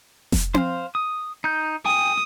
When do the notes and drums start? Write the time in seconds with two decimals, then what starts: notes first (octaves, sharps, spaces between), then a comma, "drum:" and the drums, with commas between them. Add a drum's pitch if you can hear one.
0.32 drum: snare F1
0.54 C5 F5, drum: tom C4
0.95 D#6
1.44 D#4 G6
1.86 G5 G#5 D#6